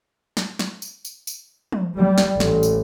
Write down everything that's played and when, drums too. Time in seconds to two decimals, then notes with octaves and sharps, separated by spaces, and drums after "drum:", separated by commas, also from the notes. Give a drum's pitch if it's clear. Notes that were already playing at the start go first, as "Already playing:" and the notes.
0.37 drum: snare
0.59 drum: snare
0.82 drum: tambourine
1.05 drum: tambourine
1.27 drum: tambourine
1.72 drum: tom
1.98 G3
2.18 drum: snare
2.40 A1, drum: snare
2.63 drum: tambourine